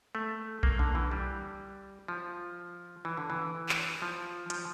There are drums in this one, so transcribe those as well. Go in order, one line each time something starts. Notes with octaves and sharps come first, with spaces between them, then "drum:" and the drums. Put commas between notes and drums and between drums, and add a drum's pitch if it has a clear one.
A3
A#3, drum: kick B1
D3
E3
G3
F3
E3
D3
E3
drum: clap
F3
F3, drum: hi-hat